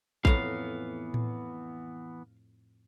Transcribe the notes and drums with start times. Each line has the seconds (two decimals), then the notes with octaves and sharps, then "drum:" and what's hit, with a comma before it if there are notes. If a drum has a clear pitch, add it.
0.25 F2 A2 E3 B3 F5 A#5, drum: kick A#1
1.14 drum: tom A2